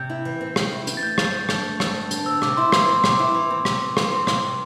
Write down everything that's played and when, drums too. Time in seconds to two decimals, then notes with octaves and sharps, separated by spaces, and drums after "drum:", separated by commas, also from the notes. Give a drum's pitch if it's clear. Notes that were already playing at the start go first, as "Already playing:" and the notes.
Already playing: C3 G6
0.10 E4
0.25 E3
0.41 C4
0.56 C3, drum: rim click
0.72 E4
0.87 E3, drum: hi-hat
0.97 A6
1.02 A3 G6
1.18 G2, drum: rim click
1.33 C4
1.49 D3, drum: rim click
1.64 A3
1.80 G2, drum: rim click
1.95 C4
2.11 D3, drum: hi-hat
2.26 C4 E6
2.42 C3 D6, drum: rim click
2.57 E4 C6
2.72 E3 C6, drum: rim click
2.88 C4 C6
3.04 C3, drum: rim click
3.09 D6
3.19 E4
3.35 E3
3.50 C4
3.65 C3, drum: rim click
3.81 C3
3.97 E3, drum: rim click
4.12 C4 C6
4.27 C3, drum: rim click
4.43 C3